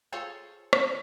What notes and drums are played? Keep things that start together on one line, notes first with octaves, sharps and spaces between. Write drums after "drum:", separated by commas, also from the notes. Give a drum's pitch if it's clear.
F4 G#4 A4 C5 C#5
drum: rim click